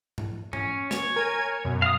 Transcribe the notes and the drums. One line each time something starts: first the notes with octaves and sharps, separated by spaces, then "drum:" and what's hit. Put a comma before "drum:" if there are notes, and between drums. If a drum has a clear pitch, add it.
drum: tom G#2
C#4, drum: tom G#2
C#5, drum: snare
A#4 G#5 G#6
F#2 B2
F5 D#6